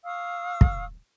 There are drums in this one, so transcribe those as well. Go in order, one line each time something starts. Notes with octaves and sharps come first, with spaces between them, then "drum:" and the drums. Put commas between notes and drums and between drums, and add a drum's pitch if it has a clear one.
F5 C#6 D#6 E6
drum: kick